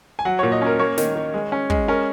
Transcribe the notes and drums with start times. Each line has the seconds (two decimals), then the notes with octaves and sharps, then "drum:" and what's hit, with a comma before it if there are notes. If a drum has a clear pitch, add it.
0.19 G#5
0.25 F#3 F#5
0.39 A#2 C#5
0.52 D#5
0.62 C#4 A#4
0.79 A#3 C#5
0.98 D#3, drum: snare
1.16 D#3
1.34 G#3
1.52 C#4
1.70 G#3, drum: kick
1.88 C#4 A#4